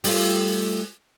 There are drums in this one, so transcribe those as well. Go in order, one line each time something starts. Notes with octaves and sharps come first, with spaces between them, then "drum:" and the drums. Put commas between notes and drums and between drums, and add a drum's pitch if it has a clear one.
G3 A3 F4, drum: open hi-hat